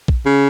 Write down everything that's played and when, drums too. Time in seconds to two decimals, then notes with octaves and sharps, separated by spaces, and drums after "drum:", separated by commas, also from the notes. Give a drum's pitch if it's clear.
0.08 drum: kick A#1
0.26 C#3